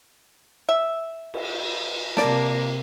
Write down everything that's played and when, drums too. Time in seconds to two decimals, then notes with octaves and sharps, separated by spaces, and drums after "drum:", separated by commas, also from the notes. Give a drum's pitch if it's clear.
0.69 E5
1.34 drum: cymbal
2.17 C3 A#3 D5 A5, drum: snare